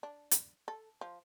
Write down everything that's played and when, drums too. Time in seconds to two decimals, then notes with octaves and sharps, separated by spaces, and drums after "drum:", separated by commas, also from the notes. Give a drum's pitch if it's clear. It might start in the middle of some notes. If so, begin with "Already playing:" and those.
0.03 D4
0.31 drum: hi-hat
0.68 A4
1.01 F3